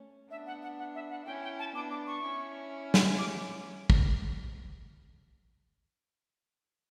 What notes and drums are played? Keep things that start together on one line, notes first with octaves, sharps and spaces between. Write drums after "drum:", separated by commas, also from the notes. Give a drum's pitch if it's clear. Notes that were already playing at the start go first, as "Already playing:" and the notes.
Already playing: A3 C#4
B3 D4 E5
F#5
F#5
F#5
E5
F#5
C#4 E4 G5
G5
A5
B3 D4 D6
D6
C#6
C#4 E4
drum: snare
D6
drum: kick